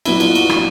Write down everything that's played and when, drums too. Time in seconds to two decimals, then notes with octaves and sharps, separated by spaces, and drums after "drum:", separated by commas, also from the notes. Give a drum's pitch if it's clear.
0.05 A#2 F#3 B3 D4 E4, drum: cymbal
0.20 F4, drum: cymbal
0.35 F#4, drum: cymbal
0.49 F4, drum: rim click